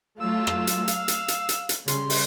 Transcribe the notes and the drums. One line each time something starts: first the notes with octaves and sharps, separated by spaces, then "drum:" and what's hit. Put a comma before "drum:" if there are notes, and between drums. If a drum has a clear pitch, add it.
F#3 A3 F4 E6
drum: rim click
drum: hi-hat
F5, drum: hi-hat
drum: hi-hat
drum: hi-hat
drum: hi-hat
drum: hi-hat
C#3 G3 C6, drum: hi-hat
drum: open hi-hat